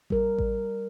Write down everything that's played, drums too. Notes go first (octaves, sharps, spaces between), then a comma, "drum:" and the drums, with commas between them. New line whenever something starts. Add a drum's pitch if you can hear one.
G3 A#4, drum: kick A1
drum: kick A1